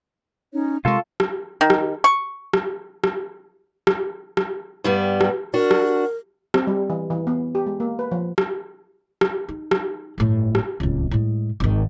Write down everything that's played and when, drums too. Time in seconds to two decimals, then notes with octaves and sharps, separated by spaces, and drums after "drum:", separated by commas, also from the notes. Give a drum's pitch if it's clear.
0.53 C#4 D#4 C#5
0.85 C3 G#3 F4 A4 A#4 C6 C#6
1.20 drum: rim click
1.61 D#3
1.70 drum: rim click
2.04 C#6
2.53 drum: rim click
3.04 drum: rim click
3.87 drum: rim click
4.37 drum: rim click
4.84 G2 G3 B3
5.21 drum: rim click
5.54 D4 F#4 A#4
5.71 drum: rim click
6.54 C4, drum: rim click
6.67 G3
6.90 E3
7.10 E3
7.27 B3
7.55 G4
7.66 G#3
7.80 A#3
7.99 B4
8.12 F3
8.38 drum: rim click
9.21 drum: rim click
9.48 D#4
9.71 drum: rim click
10.18 G1 A2
10.55 drum: rim click
10.80 D1 C#2
11.11 A2 G#3
11.60 G#1 D#3